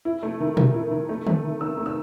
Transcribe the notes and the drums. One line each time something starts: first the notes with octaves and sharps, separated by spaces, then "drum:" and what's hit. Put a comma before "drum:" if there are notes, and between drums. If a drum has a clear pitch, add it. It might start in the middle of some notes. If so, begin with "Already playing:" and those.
E4
A3
D#3
D#3, drum: tom A#2
E4
D#3
A3
A3, drum: tom D3
D#3
D#3 E6
A3
E6